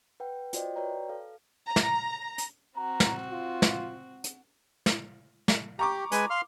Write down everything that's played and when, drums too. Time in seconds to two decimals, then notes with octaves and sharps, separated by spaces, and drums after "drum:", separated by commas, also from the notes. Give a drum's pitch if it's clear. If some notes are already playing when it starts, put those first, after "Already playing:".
0.20 B4 F#5 G5
0.53 F4 F#4 C5 D5 D#5 G5, drum: hi-hat
0.76 F#4 B4 C#5 D5 G5 A#5
1.09 A4 F5
1.66 A#5
1.76 drum: snare
2.38 drum: hi-hat
2.77 C4 F#4 A#5
3.00 drum: snare
3.31 F4
3.62 drum: snare
4.24 drum: hi-hat
4.86 drum: snare
5.48 drum: snare
5.79 G4 A#5 C#6 D6
6.12 G#3 B4 G#5, drum: hi-hat
6.30 F5 C6 F6